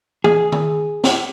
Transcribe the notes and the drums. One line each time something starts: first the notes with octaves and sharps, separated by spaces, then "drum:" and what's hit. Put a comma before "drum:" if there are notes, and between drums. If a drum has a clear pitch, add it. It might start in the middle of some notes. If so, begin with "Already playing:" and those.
G#4, drum: tom E3
drum: tom D#3
drum: snare